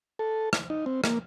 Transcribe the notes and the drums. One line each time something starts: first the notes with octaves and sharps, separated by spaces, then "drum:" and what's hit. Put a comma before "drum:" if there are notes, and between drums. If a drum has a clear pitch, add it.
A4
drum: rim click
D#4
C4
A#3, drum: rim click